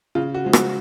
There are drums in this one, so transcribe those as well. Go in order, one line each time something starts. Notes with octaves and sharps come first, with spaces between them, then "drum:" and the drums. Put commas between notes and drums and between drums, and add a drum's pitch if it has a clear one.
C#3 F4
F#4
F3 G#3
F#4, drum: rim click